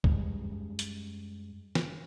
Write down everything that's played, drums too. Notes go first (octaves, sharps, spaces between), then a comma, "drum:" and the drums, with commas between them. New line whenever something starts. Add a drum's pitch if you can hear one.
F#2 G3 G#3, drum: kick
drum: hi-hat
drum: snare